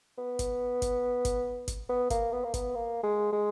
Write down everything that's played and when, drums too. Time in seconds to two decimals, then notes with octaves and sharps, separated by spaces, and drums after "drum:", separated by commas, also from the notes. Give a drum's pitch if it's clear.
0.18 B3
0.39 drum: kick G1, hi-hat
0.82 drum: kick G1, hi-hat
1.25 drum: kick G1, hi-hat
1.68 drum: kick G1, hi-hat
1.89 B3
2.10 A#3, drum: kick G1, hi-hat
2.32 B3
2.44 A#3
2.54 B3, drum: kick G1, hi-hat
2.75 A#3
3.03 G#3
3.32 G#3